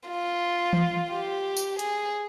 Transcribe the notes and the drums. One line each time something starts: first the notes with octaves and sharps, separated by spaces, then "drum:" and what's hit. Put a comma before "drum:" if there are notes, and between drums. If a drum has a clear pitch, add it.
F4
drum: tom E3
G4
drum: tambourine
G#4, drum: hi-hat